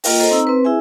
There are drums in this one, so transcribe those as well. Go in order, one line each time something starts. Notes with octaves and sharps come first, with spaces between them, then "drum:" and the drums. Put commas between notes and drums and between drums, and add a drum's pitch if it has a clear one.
A#3 F4 A#4 D#5 G5, drum: open hi-hat
A4 C5 D#5 A#5
C4 D#4 A#5 E6
C4 B4 C5
E4 G#4 E5 G#5